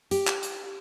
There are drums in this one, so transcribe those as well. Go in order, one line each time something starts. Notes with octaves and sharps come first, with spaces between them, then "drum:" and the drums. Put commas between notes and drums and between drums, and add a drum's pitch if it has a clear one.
G4, drum: hi-hat
drum: clap
drum: hi-hat